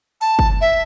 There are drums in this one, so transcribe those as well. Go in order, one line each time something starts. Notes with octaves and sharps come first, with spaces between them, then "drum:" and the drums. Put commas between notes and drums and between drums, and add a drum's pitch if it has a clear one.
A5, drum: open hi-hat
drum: kick
E5